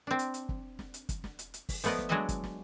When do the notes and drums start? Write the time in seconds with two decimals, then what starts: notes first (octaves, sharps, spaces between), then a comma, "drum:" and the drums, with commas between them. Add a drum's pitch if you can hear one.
0.07 C4 D4
0.19 drum: hi-hat
0.34 drum: hi-hat
0.49 drum: kick
0.79 drum: snare
0.94 drum: hi-hat
1.09 drum: kick, hi-hat
1.24 drum: snare
1.39 drum: hi-hat
1.54 drum: hi-hat
1.69 drum: kick, open hi-hat
1.84 F3 A3 B3 D5 D#5, drum: hi-hat
1.99 drum: snare
2.09 F#3 G#3 D4 F#4 D#5 E5
2.29 drum: kick, hi-hat
2.44 drum: snare